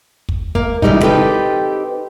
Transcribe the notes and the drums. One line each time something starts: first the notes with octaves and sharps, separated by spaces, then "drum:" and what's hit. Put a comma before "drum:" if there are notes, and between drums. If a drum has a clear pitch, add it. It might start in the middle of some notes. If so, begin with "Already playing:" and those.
drum: kick
A#3, drum: kick
C#3 E3 F3 G3 G#3 D#4, drum: kick
C4 D#4 G4 A4 B4